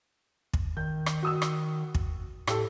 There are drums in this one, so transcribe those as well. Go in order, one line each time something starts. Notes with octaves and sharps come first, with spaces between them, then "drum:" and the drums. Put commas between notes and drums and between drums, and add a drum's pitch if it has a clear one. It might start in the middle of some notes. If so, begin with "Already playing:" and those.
drum: kick
D#3 G6
drum: rim click
F#4 D#6 E6
drum: rim click
drum: kick
A2 G4 A4, drum: rim click